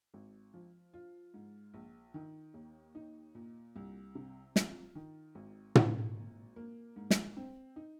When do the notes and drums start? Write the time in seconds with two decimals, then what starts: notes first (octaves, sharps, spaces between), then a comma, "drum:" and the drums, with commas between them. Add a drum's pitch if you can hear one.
0.14 G#1
0.54 F3
0.93 F4
1.34 G#2
1.74 A#1
2.14 D#3
2.54 D#2
2.95 D#4
3.35 A#2
3.76 C2
4.15 C3
4.56 F4, drum: snare
4.95 D#3
5.35 G#1
5.75 G#1, drum: tom
6.17 A#2
6.56 A#3
6.96 G#2
7.10 drum: snare
7.37 C4
7.76 D#4